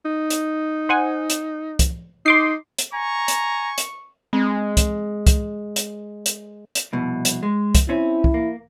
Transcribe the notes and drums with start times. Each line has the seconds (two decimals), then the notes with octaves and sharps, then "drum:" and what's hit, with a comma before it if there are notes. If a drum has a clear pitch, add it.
0.06 D#4
0.30 drum: hi-hat
0.89 C5 F#5 G#5
1.30 drum: hi-hat
1.79 drum: kick, hi-hat
2.26 D#4 C6 D6 C7
2.78 drum: hi-hat
2.93 G#5 A#5 C#6
3.28 drum: hi-hat
3.78 drum: hi-hat
4.33 G#3 C4
4.77 drum: kick, hi-hat
5.27 drum: kick, hi-hat
5.76 drum: hi-hat
6.26 drum: hi-hat
6.75 drum: hi-hat
6.93 C2 F2 B2
7.25 drum: hi-hat
7.43 G#3
7.75 drum: kick, hi-hat
7.89 C4 C#4 E4
8.24 drum: kick
8.34 A#3